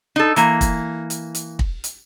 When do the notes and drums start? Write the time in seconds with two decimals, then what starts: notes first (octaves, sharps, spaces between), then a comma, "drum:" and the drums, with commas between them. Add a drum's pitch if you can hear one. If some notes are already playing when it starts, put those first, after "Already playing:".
0.16 D#4 A4
0.36 E3 A#3, drum: hi-hat
0.61 drum: kick, hi-hat
1.10 drum: hi-hat
1.35 drum: hi-hat
1.59 drum: kick
1.84 drum: hi-hat